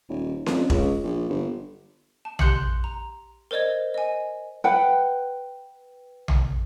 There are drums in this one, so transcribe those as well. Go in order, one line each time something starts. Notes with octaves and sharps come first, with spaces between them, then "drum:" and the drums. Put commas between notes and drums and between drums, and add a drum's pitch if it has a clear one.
D#1
F2, drum: snare C#4
C#2, drum: kick E1
A#1
G1
A5
G4 C6 F#6 G6 C#7 F#7, drum: tom A#1
A#5
A#4 C5 D5 D#5 G#6
D#5 G#5
B4 F#5 G5
drum: tom A#1